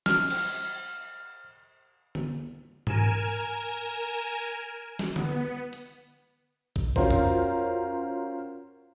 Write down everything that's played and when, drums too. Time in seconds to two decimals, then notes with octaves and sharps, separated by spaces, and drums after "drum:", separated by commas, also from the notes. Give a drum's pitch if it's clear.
0.06 F6, drum: snare
0.30 drum: cymbal
2.15 drum: tom D3
2.87 A#4 G#5 E7, drum: tom G#2
4.99 drum: snare
5.16 B3, drum: tom D3
5.73 drum: hi-hat
6.76 drum: kick
6.96 C#4 F4 F#4 A#4 C5, drum: kick
7.11 drum: tom F2